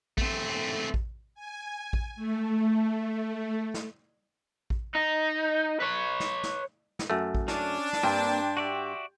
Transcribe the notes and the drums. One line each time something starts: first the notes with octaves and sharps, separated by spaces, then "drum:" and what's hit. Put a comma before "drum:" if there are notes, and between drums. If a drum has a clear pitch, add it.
A3 C4, drum: kick A1
drum: kick A1
G#5
drum: kick A1
A3
drum: snare
drum: kick A1
D#4
B4 C#5
drum: snare
drum: snare
drum: snare
F#2 A3
drum: kick A1
C#4 D4, drum: snare
drum: snare
G2 A#3 C4 G4 G5 C6
F#4 D5 E5